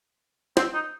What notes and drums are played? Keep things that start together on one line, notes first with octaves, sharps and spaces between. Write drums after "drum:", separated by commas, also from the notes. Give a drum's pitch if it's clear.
C4, drum: snare
D#4